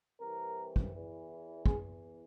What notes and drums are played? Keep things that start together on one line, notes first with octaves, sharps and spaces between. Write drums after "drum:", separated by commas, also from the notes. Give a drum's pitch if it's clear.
C2 C3 E3 A#4
drum: kick
E2 E3
E2 E3 G#4, drum: kick